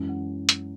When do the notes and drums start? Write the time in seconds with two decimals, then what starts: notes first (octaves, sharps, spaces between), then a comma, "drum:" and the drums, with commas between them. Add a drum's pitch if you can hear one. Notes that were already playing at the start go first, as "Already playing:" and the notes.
Already playing: F#2 E3 G#3 C#4
0.09 F#5
0.49 drum: hi-hat